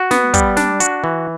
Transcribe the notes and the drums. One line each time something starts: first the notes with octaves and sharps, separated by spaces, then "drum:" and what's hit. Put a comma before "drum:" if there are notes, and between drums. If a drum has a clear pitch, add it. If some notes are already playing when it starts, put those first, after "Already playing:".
Already playing: F#4
B3, drum: snare
G3, drum: kick, hi-hat
D4, drum: snare
F#4, drum: hi-hat
E3